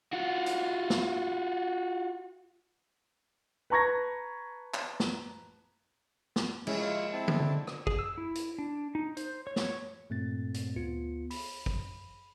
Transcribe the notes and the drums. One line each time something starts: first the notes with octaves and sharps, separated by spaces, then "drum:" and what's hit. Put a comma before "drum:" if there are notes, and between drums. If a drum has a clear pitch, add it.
F4 F#4
drum: hi-hat
drum: snare
B4 A5 A#5 C#6 G#6 A#6
drum: clap
drum: snare
drum: snare
G#3 C#4 E4, drum: cymbal
E4 F4
C4 E4 A5
drum: tom
D3
drum: rim click
G#4, drum: kick
E6
E4
drum: hi-hat
D4
D#4
C5, drum: hi-hat
C#5
drum: snare
G2 A#2 A3 C4 A6
drum: hi-hat
D2 B3 F4 C#7
B5, drum: open hi-hat
drum: kick